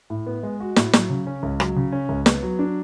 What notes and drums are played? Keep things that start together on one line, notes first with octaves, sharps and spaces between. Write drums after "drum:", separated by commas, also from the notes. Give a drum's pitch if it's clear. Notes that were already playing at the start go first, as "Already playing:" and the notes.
A2
B3
G#3
F#4
A2, drum: snare
F#3, drum: snare
C#3
C#4
C#2
F#3, drum: rim click
C#3
C#4
C#2
B3, drum: snare
F#3
D4